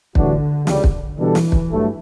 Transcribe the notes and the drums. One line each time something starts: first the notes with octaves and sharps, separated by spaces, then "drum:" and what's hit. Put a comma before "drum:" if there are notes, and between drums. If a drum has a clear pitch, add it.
A2 D3 E3 G3 D4 F#4, drum: kick
C#2 C#3 G3, drum: snare
drum: kick
B2 E3 G3 D4 A4
drum: snare
drum: kick
G2 F#3 A3